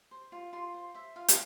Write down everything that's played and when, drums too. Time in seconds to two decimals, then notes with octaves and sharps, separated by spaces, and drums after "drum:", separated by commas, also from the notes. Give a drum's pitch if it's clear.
0.11 C5
0.32 F4
0.53 F4 C6
0.74 C5
0.94 C5 E5
1.16 F4 F5
1.28 G5, drum: hi-hat